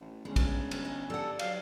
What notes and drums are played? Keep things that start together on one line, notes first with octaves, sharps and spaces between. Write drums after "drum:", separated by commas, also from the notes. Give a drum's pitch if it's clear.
A1
G1 G#3 C#4
drum: kick, cymbal
drum: cymbal
D#5
G3 A4 F#5
F#3 F5, drum: cymbal